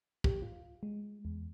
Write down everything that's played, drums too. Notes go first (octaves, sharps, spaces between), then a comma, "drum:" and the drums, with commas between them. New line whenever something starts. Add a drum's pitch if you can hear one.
G4, drum: kick
F4
G#3
E2